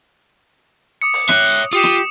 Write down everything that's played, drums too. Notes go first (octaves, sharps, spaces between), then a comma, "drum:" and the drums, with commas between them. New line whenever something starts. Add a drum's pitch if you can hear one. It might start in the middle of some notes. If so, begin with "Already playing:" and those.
D6 D#6 C#7
drum: open hi-hat
C#5 E5 F#6, drum: snare
F4 G4 D#6 C#7 E7
drum: snare